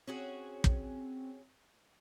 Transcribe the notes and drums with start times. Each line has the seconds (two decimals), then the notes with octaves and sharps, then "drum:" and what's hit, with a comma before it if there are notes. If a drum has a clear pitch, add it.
0.07 C4 C#4 F#4 G#4
0.64 drum: kick